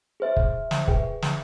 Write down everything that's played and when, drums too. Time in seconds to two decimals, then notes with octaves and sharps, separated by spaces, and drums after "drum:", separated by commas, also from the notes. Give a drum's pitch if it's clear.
0.20 G#4 C5 E5
0.37 drum: kick
0.71 drum: snare
0.88 G#4 B4 E5 G5, drum: kick
1.22 drum: snare